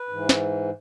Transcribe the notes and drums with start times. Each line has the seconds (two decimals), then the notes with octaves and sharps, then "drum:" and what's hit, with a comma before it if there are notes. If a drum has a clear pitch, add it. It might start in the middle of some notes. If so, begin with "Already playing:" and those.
Already playing: B4
0.09 G#2 E3
0.29 drum: snare